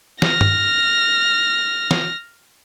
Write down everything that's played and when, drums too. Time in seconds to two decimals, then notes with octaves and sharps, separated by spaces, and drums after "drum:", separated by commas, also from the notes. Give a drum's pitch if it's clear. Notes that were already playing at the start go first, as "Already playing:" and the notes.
0.22 F6 A#6, drum: snare
0.41 drum: tom
1.91 drum: snare